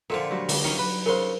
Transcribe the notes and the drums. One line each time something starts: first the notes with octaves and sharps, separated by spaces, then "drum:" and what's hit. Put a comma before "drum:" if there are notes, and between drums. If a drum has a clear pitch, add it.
A#2 D3 F3 D4 A4 E5 G5
F#3 G3 A3
C#2 D3 G3 A#3 E5, drum: open hi-hat
D#3 F#3 C#4 D#4
B4 B5
C#3 A#4 C5 C6